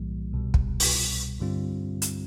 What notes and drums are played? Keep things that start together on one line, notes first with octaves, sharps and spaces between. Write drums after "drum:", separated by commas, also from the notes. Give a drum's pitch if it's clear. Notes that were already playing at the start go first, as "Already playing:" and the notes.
Already playing: B1 A2 E3 G3 A#3
C2 B2 G3
drum: kick
drum: open hi-hat
G2 D3 G3 C4 F4
drum: hi-hat